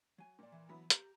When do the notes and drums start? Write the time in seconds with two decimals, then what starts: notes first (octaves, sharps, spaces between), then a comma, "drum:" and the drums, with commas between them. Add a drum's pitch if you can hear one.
0.18 F#3 G#5
0.39 A#2 D5
0.52 E3
0.69 F#3 B3 E4
0.90 G4 A#5, drum: hi-hat